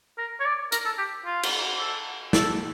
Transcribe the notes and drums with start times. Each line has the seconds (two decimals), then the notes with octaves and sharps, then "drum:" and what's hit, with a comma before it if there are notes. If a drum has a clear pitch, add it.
0.18 A#4
0.40 C#5
0.45 D5
0.72 A#4, drum: hi-hat
0.85 A4
0.98 G4
1.26 F4
1.43 drum: cymbal
1.79 A4
2.33 A4, drum: snare